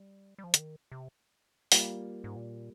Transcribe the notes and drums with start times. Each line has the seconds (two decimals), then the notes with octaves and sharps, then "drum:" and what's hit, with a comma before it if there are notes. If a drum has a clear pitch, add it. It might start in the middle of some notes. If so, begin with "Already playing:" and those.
Already playing: G3
0.39 G3
0.44 F3
0.54 D3, drum: hi-hat
0.59 D#3
0.92 C3
1.72 G3 A#3 F4, drum: open hi-hat
2.24 G#2
2.36 A#2